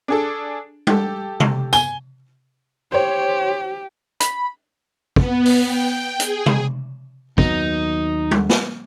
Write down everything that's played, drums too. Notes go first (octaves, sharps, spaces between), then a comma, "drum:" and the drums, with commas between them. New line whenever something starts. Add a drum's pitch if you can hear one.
D4 G#4 A4
G4 A4, drum: tom G3
drum: tom C3
G#5 G7, drum: tambourine
G4 C5 C#5
B5, drum: hi-hat
B3, drum: kick
drum: open hi-hat
G5
G#4, drum: hi-hat
drum: tom C3
D#2 F#3 B3 D#4, drum: kick
drum: tom G3
drum: snare